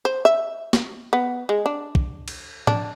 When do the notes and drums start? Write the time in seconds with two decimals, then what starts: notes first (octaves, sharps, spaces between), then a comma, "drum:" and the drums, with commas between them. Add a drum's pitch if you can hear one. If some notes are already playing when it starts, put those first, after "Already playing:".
0.05 C5
0.25 E5
0.73 drum: snare
1.13 B3
1.49 G#3
1.66 D4
1.95 drum: kick
2.28 drum: cymbal
2.67 D4, drum: tom A2